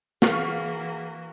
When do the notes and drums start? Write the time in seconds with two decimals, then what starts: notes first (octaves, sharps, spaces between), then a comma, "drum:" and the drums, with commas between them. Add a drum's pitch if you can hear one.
0.22 E3 A#3 F#4 G#4 F5 C#6 F6, drum: snare